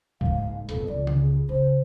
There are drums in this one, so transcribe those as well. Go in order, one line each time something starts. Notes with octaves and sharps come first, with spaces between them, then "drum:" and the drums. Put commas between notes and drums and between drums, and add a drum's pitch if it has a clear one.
F#1 G#2 F5, drum: kick
F2 B2 A4, drum: hi-hat
C#2 D5
C#3, drum: tom
C#3 C5